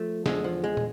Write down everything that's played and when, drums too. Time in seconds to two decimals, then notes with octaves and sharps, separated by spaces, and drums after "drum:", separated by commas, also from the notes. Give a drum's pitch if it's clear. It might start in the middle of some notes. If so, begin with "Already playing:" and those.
Already playing: F3 A3
0.26 E2 D3 F3 G#3, drum: snare
0.44 F3
0.64 G#3
0.77 drum: tom